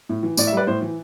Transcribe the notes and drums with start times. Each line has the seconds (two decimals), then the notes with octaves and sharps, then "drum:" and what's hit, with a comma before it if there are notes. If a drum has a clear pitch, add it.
0.09 A2
0.23 E3
0.37 A2 D5, drum: tambourine
0.47 E5
0.52 G3 B4 D5
0.67 A2 C5
0.81 E3